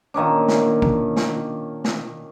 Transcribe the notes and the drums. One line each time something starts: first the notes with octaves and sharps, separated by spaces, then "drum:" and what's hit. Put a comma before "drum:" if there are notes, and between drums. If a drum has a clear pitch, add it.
A#2 D#3 C#4 D4
drum: snare
drum: kick G#1
drum: snare
drum: snare